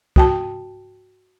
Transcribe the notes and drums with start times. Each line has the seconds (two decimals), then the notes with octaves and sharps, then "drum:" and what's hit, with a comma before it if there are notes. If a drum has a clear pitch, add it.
0.16 F#4 G5 A5, drum: kick